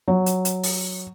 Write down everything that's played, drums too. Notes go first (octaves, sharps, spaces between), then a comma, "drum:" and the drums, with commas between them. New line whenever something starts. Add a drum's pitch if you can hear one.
F#3
drum: hi-hat
drum: hi-hat
drum: open hi-hat